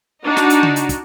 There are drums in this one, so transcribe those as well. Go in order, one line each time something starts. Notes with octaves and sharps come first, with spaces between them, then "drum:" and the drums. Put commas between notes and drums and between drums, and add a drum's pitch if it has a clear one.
D4 D#4 F#4
drum: snare
drum: hi-hat
drum: tom C#3
drum: hi-hat
drum: kick, hi-hat